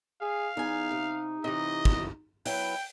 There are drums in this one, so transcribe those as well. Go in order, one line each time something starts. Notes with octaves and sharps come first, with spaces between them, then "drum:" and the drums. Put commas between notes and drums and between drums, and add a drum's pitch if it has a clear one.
G#4 F5
E2 D#4 G#5
C3
C3 E3 D#5
drum: kick
F#3 E4 B4 G5, drum: open hi-hat